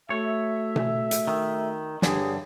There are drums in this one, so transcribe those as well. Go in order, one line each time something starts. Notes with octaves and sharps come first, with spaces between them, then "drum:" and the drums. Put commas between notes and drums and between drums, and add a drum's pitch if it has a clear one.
A3 F#4 A4 C#5 E5
drum: tom B2
drum: hi-hat
D#3
G2 D3 G4 G#4 C#5, drum: snare